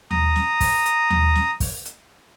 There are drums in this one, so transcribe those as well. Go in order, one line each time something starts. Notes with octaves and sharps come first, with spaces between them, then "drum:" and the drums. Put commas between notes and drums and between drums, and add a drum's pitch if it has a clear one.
A#5 D#6, drum: tom D#2
drum: snare
drum: kick, open hi-hat
drum: hi-hat
drum: tom D#2
drum: snare
drum: kick, open hi-hat
drum: hi-hat